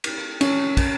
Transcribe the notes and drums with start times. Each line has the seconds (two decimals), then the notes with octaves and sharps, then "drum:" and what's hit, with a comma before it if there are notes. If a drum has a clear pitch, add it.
0.04 drum: cymbal
0.41 C#4, drum: cymbal
0.77 drum: kick, cymbal